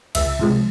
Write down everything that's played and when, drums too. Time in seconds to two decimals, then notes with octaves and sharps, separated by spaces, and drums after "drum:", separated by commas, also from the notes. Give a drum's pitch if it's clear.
0.15 C#2 E5, drum: cymbal
0.39 C3 F3 G#3